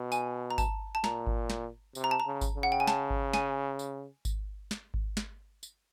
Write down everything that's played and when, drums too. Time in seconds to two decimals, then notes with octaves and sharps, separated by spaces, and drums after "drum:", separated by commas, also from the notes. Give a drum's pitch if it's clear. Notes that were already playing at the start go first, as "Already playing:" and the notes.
Already playing: B2
0.12 G#5, drum: tambourine
0.51 A#5
0.58 A5, drum: kick G#1, tambourine
0.95 A5
1.04 A#2 A#5, drum: snare
1.27 drum: kick G#1
1.50 drum: snare
1.95 C3, drum: tambourine
2.04 A#5
2.11 A5
2.20 A#5
2.26 C#3
2.41 drum: kick G#1, tambourine
2.57 C#3
2.63 F#5
2.72 G5
2.80 G#5
2.87 A5, drum: snare
3.10 drum: kick G#1
3.33 G#5, drum: snare
3.79 drum: tambourine
4.25 drum: kick G#1, tambourine
4.71 drum: snare
4.94 drum: kick G#1
5.17 drum: snare
5.63 drum: tambourine